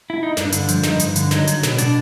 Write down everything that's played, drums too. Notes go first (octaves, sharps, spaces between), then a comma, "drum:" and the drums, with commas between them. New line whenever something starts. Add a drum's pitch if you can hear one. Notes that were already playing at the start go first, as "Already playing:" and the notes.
E4
D#4
G2 D4, drum: snare
D3, drum: hi-hat
F3, drum: hi-hat
G2 D#4, drum: snare
G2, drum: hi-hat
D3, drum: hi-hat
F#3 D#4, drum: snare
F#3, drum: hi-hat
B2, drum: snare
B2 D4, drum: hi-hat